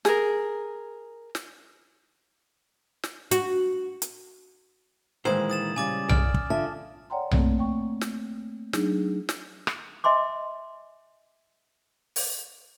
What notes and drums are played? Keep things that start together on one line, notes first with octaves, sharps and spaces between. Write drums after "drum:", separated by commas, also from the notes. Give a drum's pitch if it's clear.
G#4 A#4, drum: snare
drum: snare
drum: snare
F#4, drum: hi-hat
drum: hi-hat
A#2 D#3 E3 G#3 C5 D#6 G#6 F#7
D#6 A6 E7
C#3 G3 G#5 D6 A6
D5 F6, drum: tom B1
drum: kick
D3 F4 E5 A5
C#5 D5 F#5 G5 A#5 C6
A3 A#3 C4, drum: tom B1
G5 C#6
drum: snare
F#3 D4 D#4 G#4, drum: snare
drum: snare
drum: rim click
D#5 E5 G#5 C6 D6
drum: open hi-hat